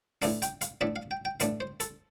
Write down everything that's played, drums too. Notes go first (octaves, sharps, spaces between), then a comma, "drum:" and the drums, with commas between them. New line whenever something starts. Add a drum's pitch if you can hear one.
A2 E3 A3 D4 F5, drum: open hi-hat
G5, drum: hi-hat
F5, drum: hi-hat
A2 E3 A3 D4 E5
F5
G5
G5
A2 E3 A3 D4 F5, drum: hi-hat
C5
A4, drum: hi-hat